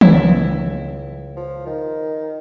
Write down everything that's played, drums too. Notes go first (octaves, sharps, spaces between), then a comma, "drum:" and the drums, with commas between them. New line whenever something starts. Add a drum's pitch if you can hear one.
C#2 E4, drum: tom
F3
D#3